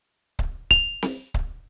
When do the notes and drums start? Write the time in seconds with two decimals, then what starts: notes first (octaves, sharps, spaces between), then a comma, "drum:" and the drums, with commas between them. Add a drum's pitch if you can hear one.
0.39 drum: kick C#1
0.71 F7, drum: kick C#1
1.02 drum: snare C4
1.34 drum: kick C#1